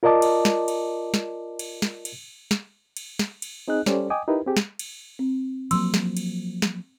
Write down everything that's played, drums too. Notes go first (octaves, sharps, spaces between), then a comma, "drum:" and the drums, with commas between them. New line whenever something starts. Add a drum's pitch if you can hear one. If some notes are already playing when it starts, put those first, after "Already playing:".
F4 A#4 D5 D#5 A5 D6
drum: cymbal
drum: snare
drum: cymbal
drum: snare
drum: cymbal
drum: snare
drum: cymbal
drum: snare
drum: cymbal
drum: snare
drum: cymbal
C4 D#4 G#4 D#5 F#6
G3 C#4 G4 A4 C5 D5, drum: snare
D#5 G5 G#5 D6 D#6
D#4 E4 G4 A#4 B4
C4 G4 G#4
drum: snare
drum: cymbal
C4
F3 F#3 A#3 C6 E6, drum: cymbal
drum: snare
drum: cymbal
drum: snare